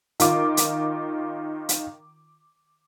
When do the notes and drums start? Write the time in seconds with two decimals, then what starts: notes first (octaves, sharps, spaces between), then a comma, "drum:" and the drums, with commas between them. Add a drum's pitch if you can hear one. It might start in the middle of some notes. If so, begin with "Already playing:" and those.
0.20 D#3 F4 D6, drum: hi-hat
0.57 drum: hi-hat
1.69 drum: hi-hat